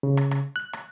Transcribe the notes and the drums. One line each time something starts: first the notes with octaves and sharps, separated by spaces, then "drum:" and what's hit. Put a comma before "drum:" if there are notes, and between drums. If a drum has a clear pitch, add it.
C#3
drum: rim click
drum: rim click
F#6
drum: rim click